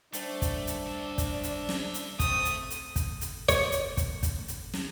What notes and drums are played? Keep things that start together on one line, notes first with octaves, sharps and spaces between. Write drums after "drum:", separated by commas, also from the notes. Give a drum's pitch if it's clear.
G3 A3 D4 C5, drum: hi-hat
drum: kick, hi-hat
drum: hi-hat
D5 E5
drum: kick, hi-hat
drum: hi-hat
drum: snare
drum: hi-hat
A3 C4 D#6, drum: kick, hi-hat
drum: hi-hat
drum: hi-hat
drum: kick, hi-hat
drum: hi-hat
C#5, drum: kick, hi-hat
drum: hi-hat
drum: kick, hi-hat
drum: kick, hi-hat
drum: hi-hat
drum: snare